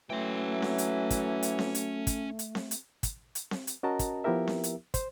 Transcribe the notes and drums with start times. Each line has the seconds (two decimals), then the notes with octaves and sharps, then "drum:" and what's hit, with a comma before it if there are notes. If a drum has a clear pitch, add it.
0.10 E3 F#3 A3 C#4 G5
0.62 drum: snare C4
0.78 drum: hi-hat
1.10 drum: kick, hi-hat
1.43 drum: hi-hat
1.59 drum: snare C4
1.75 drum: hi-hat
2.07 drum: kick, hi-hat
2.39 drum: hi-hat
2.55 drum: snare C4
2.71 drum: hi-hat
3.03 drum: kick, hi-hat
3.35 drum: hi-hat
3.51 drum: snare C4
3.67 drum: hi-hat
3.83 C#4 F#4 A#4 D#5 A5 A#5
3.99 drum: kick, hi-hat
4.24 F3 B3 E4 G4 A#4 E5
4.47 drum: snare C4
4.64 drum: hi-hat
4.94 C5, drum: kick, hi-hat